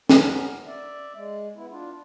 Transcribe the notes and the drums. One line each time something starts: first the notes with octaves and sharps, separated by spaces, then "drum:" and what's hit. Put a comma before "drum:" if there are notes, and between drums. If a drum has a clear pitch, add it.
B3 C#4 A#4, drum: snare
D5 E5
G#3
B3 E4
D4 F4